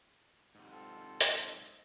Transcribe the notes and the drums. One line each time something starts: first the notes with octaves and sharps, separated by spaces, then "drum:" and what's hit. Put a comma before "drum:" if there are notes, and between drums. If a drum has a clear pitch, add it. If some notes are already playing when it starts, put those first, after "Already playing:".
G#2 C3
C4 F4 A4
drum: open hi-hat
D#5